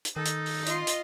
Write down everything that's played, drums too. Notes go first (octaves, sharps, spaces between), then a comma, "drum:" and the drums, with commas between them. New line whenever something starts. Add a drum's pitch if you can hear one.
drum: hi-hat
D#3 D#4 A4
drum: hi-hat
drum: open hi-hat
F4 D#5 C6, drum: hi-hat
drum: hi-hat